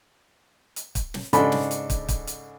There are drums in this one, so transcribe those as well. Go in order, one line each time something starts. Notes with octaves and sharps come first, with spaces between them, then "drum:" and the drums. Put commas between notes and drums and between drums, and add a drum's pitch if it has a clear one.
drum: hi-hat
drum: kick, hi-hat
drum: snare
G#2 C#3 D4 A4 B5 C6, drum: hi-hat
drum: snare
drum: hi-hat
drum: kick, hi-hat
drum: kick, hi-hat
drum: hi-hat